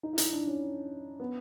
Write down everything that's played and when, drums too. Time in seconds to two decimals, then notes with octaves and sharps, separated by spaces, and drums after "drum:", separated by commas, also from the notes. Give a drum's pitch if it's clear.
0.03 D#4
0.13 E4
0.18 D#4, drum: hi-hat
0.33 D4
0.47 C#4
1.20 B3